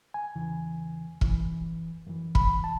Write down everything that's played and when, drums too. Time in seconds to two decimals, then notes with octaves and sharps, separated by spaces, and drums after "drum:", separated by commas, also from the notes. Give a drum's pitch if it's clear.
0.14 G#5
0.35 E2 C#3 E3
1.21 F#2 E3, drum: kick
2.07 F#2 E3
2.35 B5, drum: kick
2.64 A5